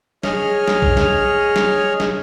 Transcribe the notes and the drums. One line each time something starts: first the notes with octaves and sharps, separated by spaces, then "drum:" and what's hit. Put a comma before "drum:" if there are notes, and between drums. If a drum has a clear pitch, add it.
G#4 C#5 D#5 F6, drum: snare
drum: snare
drum: kick
drum: snare
drum: snare
drum: snare